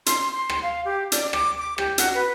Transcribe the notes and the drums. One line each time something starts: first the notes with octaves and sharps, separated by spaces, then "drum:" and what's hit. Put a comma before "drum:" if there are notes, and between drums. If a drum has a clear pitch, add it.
C6, drum: hi-hat
C6
drum: rim click
F5
G4
D5, drum: hi-hat
D6, drum: rim click
D6
G4, drum: rim click
F#4, drum: hi-hat
B4